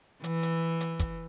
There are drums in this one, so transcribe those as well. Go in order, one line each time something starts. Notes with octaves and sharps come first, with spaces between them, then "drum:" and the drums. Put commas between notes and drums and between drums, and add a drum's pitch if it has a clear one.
E3, drum: hi-hat
drum: hi-hat
drum: hi-hat
drum: kick, hi-hat